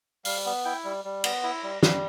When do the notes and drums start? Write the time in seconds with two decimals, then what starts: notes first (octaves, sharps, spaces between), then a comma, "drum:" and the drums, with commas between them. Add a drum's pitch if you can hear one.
0.25 G3 F5, drum: open hi-hat
0.46 B3
0.65 E4 G5
0.84 G3
1.05 G3
1.24 B3, drum: cymbal
1.43 E4
1.63 G3
1.83 G3, drum: snare